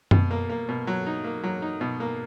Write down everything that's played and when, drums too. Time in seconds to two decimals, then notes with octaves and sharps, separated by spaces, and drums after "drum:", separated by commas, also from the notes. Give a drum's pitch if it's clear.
0.11 B2, drum: tom F#2
0.31 A#3
0.49 A#3
0.69 B2
0.87 F#3
1.06 D#4
1.24 A#3
1.43 F#3
1.62 D#4
1.81 B2
2.00 A#3